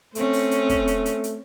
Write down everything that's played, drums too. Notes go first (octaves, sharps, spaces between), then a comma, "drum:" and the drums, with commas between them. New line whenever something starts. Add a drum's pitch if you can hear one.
A3 C4 C#4, drum: hi-hat
drum: open hi-hat
drum: hi-hat
drum: kick, hi-hat
drum: hi-hat
drum: hi-hat
drum: hi-hat